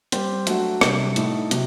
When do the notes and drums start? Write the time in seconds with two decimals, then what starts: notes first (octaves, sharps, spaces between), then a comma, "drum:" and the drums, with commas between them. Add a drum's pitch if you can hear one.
0.12 G3 C4 G4 C5, drum: hi-hat
0.47 F#3 A3 D4 F#4, drum: hi-hat
0.81 C3 G3 D4, drum: rim click
1.16 A2 A3 D#4, drum: hi-hat
1.51 C3 F#3, drum: hi-hat